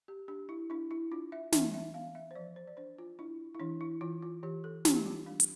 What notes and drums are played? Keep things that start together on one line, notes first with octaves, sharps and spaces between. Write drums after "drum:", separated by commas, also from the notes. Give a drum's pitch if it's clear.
G4
D4 G4
E4
D4 E4
E4
D4 F4
E5
E3 E5, drum: snare
E5
B3 F5
E5
C5
F3 D5
C5
D5
D4 C5
F4
D4 E4
E4
E3 D4
E4
E3 F4
F4
E3 G4
A4
E3 G4, drum: snare
G4
F4
G3 D4
drum: hi-hat